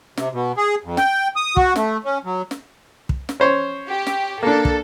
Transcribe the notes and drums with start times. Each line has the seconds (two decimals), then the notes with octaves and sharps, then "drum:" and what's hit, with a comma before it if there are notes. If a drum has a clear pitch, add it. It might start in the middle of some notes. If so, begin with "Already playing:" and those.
0.17 C3, drum: snare
0.33 B2
0.57 G#4
0.85 F2
0.97 G5, drum: snare
1.36 D#6
1.57 F#4, drum: kick
1.76 A3, drum: snare
2.04 C#4
2.25 F#3
2.51 drum: snare
3.09 drum: kick
3.29 drum: snare
3.40 C#4 C5 C#5
3.90 G4
4.07 drum: snare
4.43 A#3 D4 A4
4.65 drum: kick